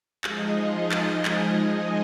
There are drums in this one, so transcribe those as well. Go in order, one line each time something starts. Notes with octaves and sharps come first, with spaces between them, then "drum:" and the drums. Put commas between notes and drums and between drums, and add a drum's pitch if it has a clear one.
F3 G#3 D#4 G#4 D#5, drum: clap
drum: clap
drum: clap